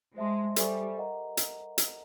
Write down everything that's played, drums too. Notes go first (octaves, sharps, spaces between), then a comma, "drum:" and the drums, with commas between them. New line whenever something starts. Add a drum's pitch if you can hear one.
G#3 C5 E5 A5 C6
G3 A4 C5 E5 G#5 C#6, drum: hi-hat
A#4 D#5 F#5 A#5
drum: hi-hat
drum: hi-hat